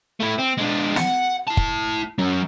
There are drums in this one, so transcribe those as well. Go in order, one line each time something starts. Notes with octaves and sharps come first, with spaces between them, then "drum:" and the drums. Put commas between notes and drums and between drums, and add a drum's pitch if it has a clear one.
A3 E4
C4
G#3 D4
F#5, drum: snare
E4 A5
drum: kick
F#3 C#4